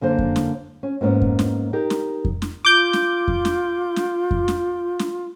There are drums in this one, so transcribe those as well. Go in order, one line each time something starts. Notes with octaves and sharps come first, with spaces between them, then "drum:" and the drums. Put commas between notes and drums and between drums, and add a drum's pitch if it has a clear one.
F#2 D3 A#3 C5
drum: kick F2
drum: snare
C#4
G#2 A#3 B3 C#4
drum: kick F2
drum: snare
D#4 G4 A#4
drum: snare
drum: kick F2
drum: snare
F4 D6 G6
drum: snare
drum: kick F2
drum: snare
drum: snare
drum: kick F2
drum: snare
drum: snare